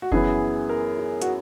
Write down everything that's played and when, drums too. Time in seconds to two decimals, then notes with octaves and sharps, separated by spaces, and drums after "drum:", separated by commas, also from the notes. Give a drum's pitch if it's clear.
0.02 F#4
0.12 F#2 E3 B3 E4 G#4, drum: kick F#1
0.69 A#4
0.99 G#4
1.22 F#4, drum: hi-hat